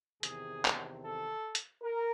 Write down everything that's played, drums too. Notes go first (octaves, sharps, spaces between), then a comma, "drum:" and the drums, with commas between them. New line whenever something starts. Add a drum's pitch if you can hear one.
E2 C3 D#3 G#4, drum: hi-hat
drum: clap
A4
drum: hi-hat
A#4